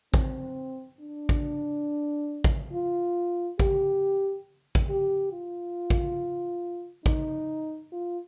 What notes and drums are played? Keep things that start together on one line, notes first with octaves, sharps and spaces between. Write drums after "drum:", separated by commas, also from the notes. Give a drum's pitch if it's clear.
C4, drum: kick
D4
drum: kick
drum: kick
F4
G4, drum: kick
drum: kick
G4
F4
drum: kick
D#4, drum: kick
F4